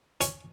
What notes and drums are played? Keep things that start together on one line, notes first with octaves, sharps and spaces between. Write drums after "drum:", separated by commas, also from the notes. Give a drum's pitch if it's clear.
C#4, drum: hi-hat